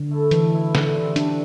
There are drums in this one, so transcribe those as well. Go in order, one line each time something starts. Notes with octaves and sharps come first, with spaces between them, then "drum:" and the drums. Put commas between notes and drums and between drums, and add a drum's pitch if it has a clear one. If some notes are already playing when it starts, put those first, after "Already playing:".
Already playing: D3
A3 E4 A4
B2 E3, drum: hi-hat
B3 E4
D3, drum: snare
G3 C4 E4
E3 D4, drum: hi-hat